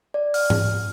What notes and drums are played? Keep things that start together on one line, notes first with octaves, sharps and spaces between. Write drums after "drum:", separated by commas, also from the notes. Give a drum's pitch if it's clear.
D5
F6, drum: open hi-hat
drum: tom G#2